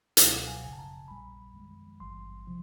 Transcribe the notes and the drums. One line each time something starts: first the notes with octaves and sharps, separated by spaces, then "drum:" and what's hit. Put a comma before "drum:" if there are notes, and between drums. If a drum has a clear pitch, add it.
C#2 B2 F#3 F5, drum: hi-hat
F#5
G#5
G1 F#2 C#3 G#5
A5
A#5
A#1 A#2 G3 B5
F#2 D#3 G#3
G#1 G2 E3 G3 C6
C3 F3